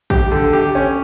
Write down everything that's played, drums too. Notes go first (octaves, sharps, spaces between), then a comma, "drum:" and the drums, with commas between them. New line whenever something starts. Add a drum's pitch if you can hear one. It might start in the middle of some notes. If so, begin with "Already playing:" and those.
G4, drum: kick
D3
G4
C#4